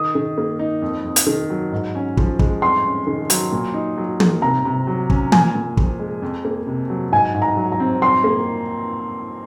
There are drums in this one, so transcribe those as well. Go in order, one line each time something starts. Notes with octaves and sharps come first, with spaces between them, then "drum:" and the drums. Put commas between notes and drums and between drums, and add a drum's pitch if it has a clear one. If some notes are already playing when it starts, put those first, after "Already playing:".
Already playing: D#3 D#6
D#3
A#3
D#4
F2
F2
drum: hi-hat
D#3
F#3
G#2
C#4
F3, drum: kick
G#3, drum: kick
F2 C6
C#4
D#3
F#3, drum: hi-hat
A#2
D#4
F#3
A#3, drum: tom
C3 A#5
C3
F#3
C#4, drum: kick
A#2 G#5, drum: tom
A#2
F3, drum: kick
G#3
F2
A#3
C3
F#3
G#2 G#5
G#2
A#5
F#3
A#5
C4
F2 C6
A#3